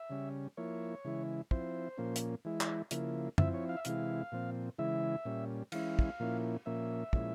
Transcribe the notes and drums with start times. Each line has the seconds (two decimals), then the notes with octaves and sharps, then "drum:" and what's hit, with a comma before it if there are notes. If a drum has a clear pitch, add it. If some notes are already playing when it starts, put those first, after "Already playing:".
Already playing: E5
0.10 C#3 G3 C#4
0.57 F3 A#3 E4 C#5
1.05 C#3 E3 G#3 E4
1.51 F3 C4 E4 C5, drum: kick
1.98 A#2 F3 A#3 C#4
2.16 drum: hi-hat
2.45 E3 G#3 E4
2.61 drum: clap
2.91 C#3 F3 A#3 E4, drum: hi-hat
3.38 F3 C4 E4 E5, drum: tom F#2
3.54 C#5
3.69 F5
3.77 E5
3.85 C3 E3 G#3 E4 F5, drum: hi-hat
4.32 A#2 F3 C4
4.78 C#3 E3 G#3 E4 E5
5.25 A#2 G3 C#4
5.72 E3 G#3 C#4 E4 F5, drum: cymbal
5.99 drum: kick
6.20 A#2 F3 A#3 C#4 E4
6.66 A#2 F3 A#3 C#4 E5
7.13 A#2 F3 G#3 C#4 E4, drum: kick